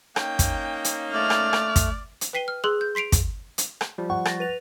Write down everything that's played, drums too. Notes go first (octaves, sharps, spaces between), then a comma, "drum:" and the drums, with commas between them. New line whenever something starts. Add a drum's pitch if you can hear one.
A#3 C#4 D#4 G5, drum: rim click
drum: kick, hi-hat
drum: hi-hat
A3 D5 F6
drum: rim click
drum: rim click
drum: kick, hi-hat
drum: hi-hat
B4 G5 B6 C7 D#7 G7
F6
G#4 C6 E6 F#6 F#7
G6
C6 B6 C7 D7 F7
drum: kick, hi-hat
drum: hi-hat
drum: rim click
F3 G3
F#5 C#6
A6 A#6, drum: rim click
B4 F7